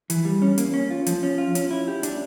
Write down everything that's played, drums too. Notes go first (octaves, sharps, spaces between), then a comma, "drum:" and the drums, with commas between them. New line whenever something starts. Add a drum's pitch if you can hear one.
E3, drum: hi-hat
G3
C#4
A#3, drum: hi-hat
C#4
F4
F3, drum: hi-hat
C#4
F4
C#4, drum: hi-hat
E4
G4
D4, drum: hi-hat